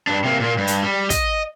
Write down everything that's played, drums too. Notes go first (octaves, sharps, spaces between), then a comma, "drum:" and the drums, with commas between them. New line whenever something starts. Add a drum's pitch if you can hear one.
G2 D4
C3 A#3
A#2 A#3
G2
drum: hi-hat
G3
D#5, drum: kick, hi-hat